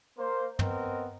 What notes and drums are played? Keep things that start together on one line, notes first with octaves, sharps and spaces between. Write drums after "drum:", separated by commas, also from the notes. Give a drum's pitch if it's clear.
A#3 C5
B3 C4 A#4 D#5, drum: tom